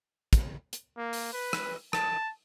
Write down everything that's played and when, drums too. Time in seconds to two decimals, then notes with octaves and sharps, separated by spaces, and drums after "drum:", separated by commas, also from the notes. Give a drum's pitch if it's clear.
0.33 drum: kick, hi-hat
0.73 drum: hi-hat
0.98 A#3
1.13 drum: open hi-hat
1.33 B4
1.53 drum: rim click
1.93 A5, drum: rim click